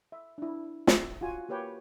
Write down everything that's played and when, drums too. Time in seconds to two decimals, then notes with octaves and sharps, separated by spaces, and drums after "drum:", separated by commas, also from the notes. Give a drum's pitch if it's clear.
0.12 E5
0.38 D4 E4
0.87 E5, drum: snare
1.21 F4 F#4 G#5
1.49 A#3 G4 B4 C#5 G5